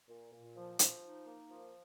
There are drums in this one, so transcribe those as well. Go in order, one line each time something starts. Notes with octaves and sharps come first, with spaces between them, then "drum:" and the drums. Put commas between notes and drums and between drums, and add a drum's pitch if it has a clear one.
A#2
A#2
F3
F3, drum: hi-hat
D#4
A#3
F3